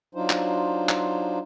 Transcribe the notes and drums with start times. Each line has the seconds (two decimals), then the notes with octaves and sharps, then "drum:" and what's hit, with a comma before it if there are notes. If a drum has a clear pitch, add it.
0.15 F#3 D4 D#4 F4 C5
0.30 drum: clap
0.89 drum: clap